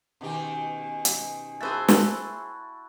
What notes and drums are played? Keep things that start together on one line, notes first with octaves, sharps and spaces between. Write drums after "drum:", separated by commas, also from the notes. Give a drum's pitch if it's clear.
B2 D#3 C#4 G4 G#5
drum: hi-hat
E4 F#4 G#4 C5 E5 A5
drum: snare